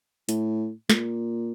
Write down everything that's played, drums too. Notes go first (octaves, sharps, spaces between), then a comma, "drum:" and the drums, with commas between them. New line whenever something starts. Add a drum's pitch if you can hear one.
A2, drum: hi-hat
A#2, drum: snare